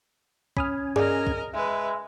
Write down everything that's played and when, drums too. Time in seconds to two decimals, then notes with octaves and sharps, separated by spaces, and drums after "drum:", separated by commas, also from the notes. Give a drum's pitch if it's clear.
0.57 C#4 G#5 B5 D#6 F6, drum: kick
0.96 G#4 A#4 D5 D#5, drum: tom G2
1.27 drum: kick
1.53 G#3 B4 E5